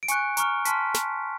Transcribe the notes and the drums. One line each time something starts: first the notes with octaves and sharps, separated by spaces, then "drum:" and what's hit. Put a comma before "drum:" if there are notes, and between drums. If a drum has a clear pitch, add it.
D7
G#5 C#6 F#6 C#7, drum: hi-hat
A#5 C#6 F6, drum: hi-hat
A5 C6 F6 B6, drum: hi-hat
drum: snare